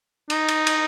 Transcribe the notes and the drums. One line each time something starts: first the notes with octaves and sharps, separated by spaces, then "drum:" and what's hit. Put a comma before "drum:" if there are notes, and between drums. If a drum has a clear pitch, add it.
D#4, drum: cymbal
drum: cymbal
drum: cymbal